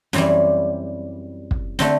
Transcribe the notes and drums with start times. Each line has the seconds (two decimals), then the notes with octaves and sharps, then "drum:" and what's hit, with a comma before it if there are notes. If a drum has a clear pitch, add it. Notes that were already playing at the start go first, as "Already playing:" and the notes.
0.13 F#2 E3 G3 C4, drum: snare
1.51 drum: kick
1.79 D3 A3 C4, drum: snare